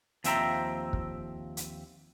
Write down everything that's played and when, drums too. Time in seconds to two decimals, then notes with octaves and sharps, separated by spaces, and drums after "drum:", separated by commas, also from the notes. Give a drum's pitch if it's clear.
0.24 D#2 F3 C4 E5 G5 A#5, drum: hi-hat
0.93 drum: kick
1.57 drum: hi-hat